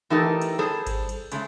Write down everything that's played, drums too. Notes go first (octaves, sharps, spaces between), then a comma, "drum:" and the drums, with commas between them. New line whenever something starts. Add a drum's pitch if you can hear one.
E3 A3 D#4 G4 A4 A#4
drum: cymbal
G3 G#4 A4 C5
drum: kick G#1, cymbal
drum: cymbal
C#3 G#3 A3, drum: cymbal